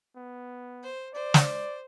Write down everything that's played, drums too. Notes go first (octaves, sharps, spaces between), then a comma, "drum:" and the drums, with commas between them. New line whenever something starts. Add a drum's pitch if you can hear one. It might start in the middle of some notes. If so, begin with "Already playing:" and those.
B3
C5
C5 D5
drum: snare